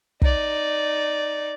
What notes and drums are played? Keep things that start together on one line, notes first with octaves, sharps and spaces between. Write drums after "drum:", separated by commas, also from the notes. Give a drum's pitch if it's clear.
D#4 D5, drum: kick